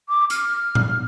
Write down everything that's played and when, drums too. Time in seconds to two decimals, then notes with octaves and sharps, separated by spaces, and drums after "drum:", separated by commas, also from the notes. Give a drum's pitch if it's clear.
0.08 D6
0.30 F6, drum: hi-hat
0.75 drum: tom A2